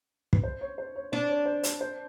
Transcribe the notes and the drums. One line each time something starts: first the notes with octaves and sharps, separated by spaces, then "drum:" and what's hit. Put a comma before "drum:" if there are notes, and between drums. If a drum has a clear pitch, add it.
B4, drum: kick
C5
C#5
C5
C#5
D4 C5
C#5
C5
C5, drum: hi-hat
C5